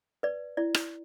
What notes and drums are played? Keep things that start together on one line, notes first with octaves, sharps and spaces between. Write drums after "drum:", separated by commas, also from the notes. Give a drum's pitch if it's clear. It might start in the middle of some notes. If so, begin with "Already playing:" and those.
B4 D5
E4 D5
drum: rim click